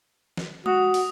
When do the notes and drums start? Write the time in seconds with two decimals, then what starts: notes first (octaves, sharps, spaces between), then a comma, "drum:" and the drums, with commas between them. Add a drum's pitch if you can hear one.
0.37 drum: snare
0.66 F#4 D#6, drum: tom G#3
0.94 drum: open hi-hat